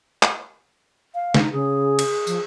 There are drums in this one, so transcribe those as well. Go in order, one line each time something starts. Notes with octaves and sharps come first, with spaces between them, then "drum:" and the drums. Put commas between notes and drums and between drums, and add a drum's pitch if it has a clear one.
drum: clap
F5
D#4, drum: snare
C#3 G#4
drum: cymbal
F3, drum: tambourine